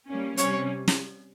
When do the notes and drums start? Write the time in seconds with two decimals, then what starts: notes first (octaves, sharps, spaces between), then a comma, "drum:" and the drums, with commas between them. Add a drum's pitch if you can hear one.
0.08 G3 A#3 C#4
0.37 C3 G3 C#4 C#5, drum: hi-hat
0.88 drum: snare